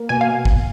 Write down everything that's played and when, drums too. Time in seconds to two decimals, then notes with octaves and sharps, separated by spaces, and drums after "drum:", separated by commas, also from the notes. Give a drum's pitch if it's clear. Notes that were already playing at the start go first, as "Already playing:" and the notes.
Already playing: A#3
0.09 B2 G#5
0.21 F5
0.45 drum: kick